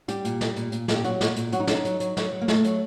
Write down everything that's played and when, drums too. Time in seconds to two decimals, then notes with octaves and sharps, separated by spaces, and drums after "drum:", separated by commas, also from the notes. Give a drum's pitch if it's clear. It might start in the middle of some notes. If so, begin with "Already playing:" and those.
0.08 G3 G4, drum: hi-hat
0.25 A#2, drum: hi-hat
0.41 G3, drum: snare
0.56 A#2, drum: hi-hat
0.72 A#2, drum: hi-hat
0.88 A#2, drum: snare
0.94 G4
1.04 F#3 F#4, drum: hi-hat
1.21 A#2, drum: snare
1.36 A#2, drum: hi-hat
1.52 F#3 F#4, drum: hi-hat
1.60 D#4
1.67 F#3 D4, drum: snare
1.74 D#4
1.85 F#3, drum: hi-hat
2.00 F#3, drum: hi-hat
2.17 F#3, drum: snare
2.32 F#3
2.41 A#3
2.48 A#2 A3, drum: snare
2.64 F#3, drum: hi-hat